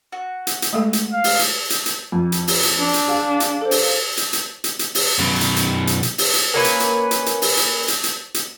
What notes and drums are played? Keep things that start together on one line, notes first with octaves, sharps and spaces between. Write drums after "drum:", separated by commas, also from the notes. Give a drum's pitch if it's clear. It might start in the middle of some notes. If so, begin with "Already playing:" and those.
F#4
drum: hi-hat
drum: hi-hat
G#3 A3 A4
drum: hi-hat
F5
drum: open hi-hat
drum: hi-hat
drum: hi-hat
drum: hi-hat
F2
drum: hi-hat
drum: open hi-hat
drum: hi-hat
D4
drum: hi-hat
G#4 F5
drum: hi-hat
A4 C5
drum: open hi-hat
drum: hi-hat
drum: hi-hat
drum: hi-hat
drum: hi-hat
drum: open hi-hat
F#2 B2
drum: hi-hat
drum: hi-hat
drum: hi-hat
drum: hi-hat
drum: open hi-hat
drum: hi-hat
A#3 C#4 B4
drum: hi-hat
drum: hi-hat
drum: hi-hat
drum: hi-hat
drum: open hi-hat
drum: hi-hat
drum: hi-hat
drum: hi-hat
drum: hi-hat